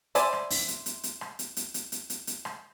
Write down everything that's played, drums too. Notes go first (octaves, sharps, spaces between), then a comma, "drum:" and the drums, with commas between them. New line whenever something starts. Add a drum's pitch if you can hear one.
C5 D5 E5 G#5 B5, drum: hi-hat
drum: rim click
drum: open hi-hat
drum: hi-hat
drum: hi-hat
drum: hi-hat
drum: rim click
drum: hi-hat
drum: hi-hat
drum: hi-hat
drum: hi-hat
drum: hi-hat
drum: hi-hat
drum: rim click